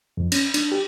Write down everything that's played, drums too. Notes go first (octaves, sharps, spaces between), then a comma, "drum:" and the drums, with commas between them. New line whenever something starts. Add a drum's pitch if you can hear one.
F2
C#4, drum: cymbal
D4, drum: cymbal
G4